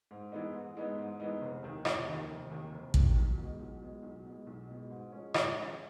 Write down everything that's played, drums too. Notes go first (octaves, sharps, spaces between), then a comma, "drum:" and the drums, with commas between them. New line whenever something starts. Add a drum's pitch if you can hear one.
G#2
E3 G#3 B3 D#4
G#2
E3 G#3 B3 D#4
G#2
E3 G#3 B3 D#4
F1
D#2 D#3
F1, drum: rim click
D#2 D#3
F1
D#2 D#3
F1
D#2 D#3, drum: kick
B1
B2 G#3
B1
B2 G#3
B1
B2 G#3
B1
B2 G#3
G#2
F3 G#3 C#4
G#2, drum: rim click
F3 G#3 C#4